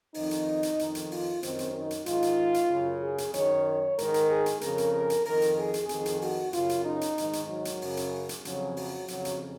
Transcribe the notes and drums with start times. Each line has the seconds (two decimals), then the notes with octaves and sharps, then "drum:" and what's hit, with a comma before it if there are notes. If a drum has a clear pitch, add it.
0.14 F2 D#3 D#4, drum: open hi-hat
0.31 drum: hi-hat
0.63 drum: hi-hat
0.79 F2 D#3, drum: hi-hat
0.95 drum: hi-hat
1.11 F4, drum: open hi-hat
1.43 F#2 D#3 C4, drum: hi-hat
1.59 drum: hi-hat
1.74 D#4
1.91 drum: hi-hat
2.06 G#2 D#3 F4, drum: hi-hat
2.22 drum: hi-hat
2.54 drum: hi-hat
2.71 F#2 C#3
3.02 G#4
3.18 drum: hi-hat
3.34 F#2 D#3 C#5, drum: hi-hat
3.67 C#5
3.98 G#2 D#3 A#4, drum: hi-hat
4.14 drum: hi-hat
4.30 G#4
4.46 drum: hi-hat
4.61 F2 C#3 A#4, drum: hi-hat
4.78 drum: hi-hat
4.94 A#4
5.10 drum: hi-hat
5.25 F2 D#3 A#4, drum: open hi-hat
5.42 drum: hi-hat
5.58 G#4
5.74 drum: hi-hat
5.89 F2 D#3 G#4, drum: hi-hat
6.06 drum: hi-hat
6.22 F#4, drum: open hi-hat
6.53 F#2 C#3 F4, drum: hi-hat
6.69 drum: hi-hat
6.85 D#4
7.01 drum: hi-hat
7.18 G#2 D#3, drum: hi-hat
7.33 drum: hi-hat
7.50 F#3
7.65 drum: hi-hat
7.82 F#2 C#3, drum: open hi-hat
7.97 drum: hi-hat
8.29 drum: hi-hat
8.45 F2 C#3 F#3, drum: hi-hat
8.77 F#3, drum: open hi-hat
9.08 F2 C#3 F#3, drum: hi-hat
9.25 drum: hi-hat